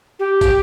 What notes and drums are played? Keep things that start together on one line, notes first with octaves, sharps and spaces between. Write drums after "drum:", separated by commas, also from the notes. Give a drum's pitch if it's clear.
G4
drum: kick, tambourine